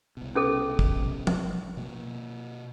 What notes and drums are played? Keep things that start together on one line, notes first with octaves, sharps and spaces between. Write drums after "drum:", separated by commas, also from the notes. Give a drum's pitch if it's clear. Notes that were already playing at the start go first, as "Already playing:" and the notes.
C2 B2
C#4 G#4 A4
drum: kick
drum: tom
B2 A#3